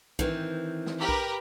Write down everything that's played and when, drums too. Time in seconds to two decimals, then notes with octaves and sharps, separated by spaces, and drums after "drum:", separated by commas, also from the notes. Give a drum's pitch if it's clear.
0.19 D#3 E3 C4, drum: kick B1
0.86 drum: snare
0.98 G4 A#4 B4
1.09 drum: kick B1